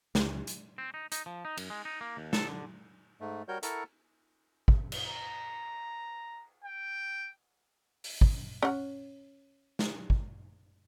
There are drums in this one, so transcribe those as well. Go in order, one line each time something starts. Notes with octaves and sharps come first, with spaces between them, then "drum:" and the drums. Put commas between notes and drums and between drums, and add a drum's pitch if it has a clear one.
C#2, drum: snare
drum: hi-hat
C4
D#4
D#4, drum: hi-hat
F3
D#4
F#2, drum: cymbal
G#3
D#4
A#3
D#2
A4, drum: snare
D3
G#2 A3
G3 F#4 A#4 C#5 G6
E4 A4 A#4 F#5 A#5 C#6, drum: hi-hat
drum: kick
drum: cymbal
A#5
G5
drum: open hi-hat
drum: kick
C#4 F#5
drum: snare
drum: kick